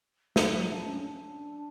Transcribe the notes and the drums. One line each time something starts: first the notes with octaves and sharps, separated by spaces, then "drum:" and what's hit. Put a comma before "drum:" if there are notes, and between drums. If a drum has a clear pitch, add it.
A3, drum: snare
F#3
D4
C#4
D4